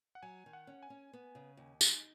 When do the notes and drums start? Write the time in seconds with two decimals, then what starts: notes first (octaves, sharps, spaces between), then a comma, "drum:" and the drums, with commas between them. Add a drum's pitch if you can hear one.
0.15 F#5
0.23 F#3 G#5
0.46 D#3
0.53 F#5
0.67 C#4
0.83 G#5
0.90 C#4
1.13 B3
1.35 C#3
1.57 D#2
1.81 D#4, drum: tambourine